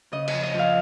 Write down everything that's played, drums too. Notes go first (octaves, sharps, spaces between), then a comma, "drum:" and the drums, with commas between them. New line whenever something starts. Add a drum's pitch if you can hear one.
C#3 D#5
D#5, drum: cymbal
F2
D#5
F2
F5